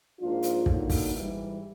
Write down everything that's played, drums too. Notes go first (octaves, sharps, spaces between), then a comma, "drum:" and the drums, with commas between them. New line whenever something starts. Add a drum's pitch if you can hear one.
G#2 F3 A#3 D4 F4
drum: hi-hat
D3 F#3 A#3 D#4 F#4, drum: kick
drum: kick, open hi-hat
G#2 E3 G3